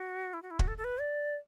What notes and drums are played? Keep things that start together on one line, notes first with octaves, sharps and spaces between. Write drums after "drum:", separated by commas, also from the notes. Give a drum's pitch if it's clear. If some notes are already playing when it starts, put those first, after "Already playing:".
Already playing: F#4
E4
F#4
E4
F#4, drum: kick
A4
A4
B4
D5